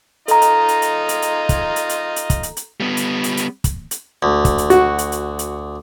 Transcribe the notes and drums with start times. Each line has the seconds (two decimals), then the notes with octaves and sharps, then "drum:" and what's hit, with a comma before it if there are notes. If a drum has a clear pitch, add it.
0.28 D#4 F4 A4 D#5 A#5, drum: hi-hat
0.42 drum: hi-hat
0.68 drum: hi-hat
0.82 drum: hi-hat
1.09 drum: hi-hat
1.22 drum: hi-hat
1.49 drum: kick, hi-hat
1.76 drum: hi-hat
1.89 drum: hi-hat
2.16 drum: hi-hat
2.30 drum: kick, hi-hat
2.43 drum: hi-hat
2.57 drum: hi-hat
2.80 G3 B3
2.97 drum: hi-hat
3.24 drum: hi-hat
3.37 drum: hi-hat
3.64 drum: kick, hi-hat
3.91 drum: hi-hat
4.23 D2
4.45 drum: kick, hi-hat
4.58 drum: hi-hat
4.70 F#4, drum: hi-hat
4.98 drum: hi-hat
5.12 drum: hi-hat
5.39 drum: hi-hat